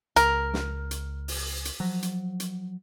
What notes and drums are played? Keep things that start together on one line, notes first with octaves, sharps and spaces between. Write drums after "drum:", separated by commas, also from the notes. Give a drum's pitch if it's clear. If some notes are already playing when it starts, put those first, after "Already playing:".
C#2 A#4, drum: hi-hat
drum: snare
drum: hi-hat
drum: open hi-hat
drum: hi-hat
F3 F#3
drum: hi-hat
drum: hi-hat